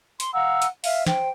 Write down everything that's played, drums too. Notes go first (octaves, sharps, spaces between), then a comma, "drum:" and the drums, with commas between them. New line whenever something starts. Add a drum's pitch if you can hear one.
C6, drum: hi-hat
F5 F#5 A#5 E6
drum: hi-hat
E5 F5, drum: open hi-hat
C5 G5, drum: snare